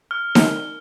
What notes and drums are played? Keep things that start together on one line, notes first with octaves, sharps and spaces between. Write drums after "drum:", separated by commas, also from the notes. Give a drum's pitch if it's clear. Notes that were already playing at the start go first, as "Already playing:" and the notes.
F6
drum: snare D#4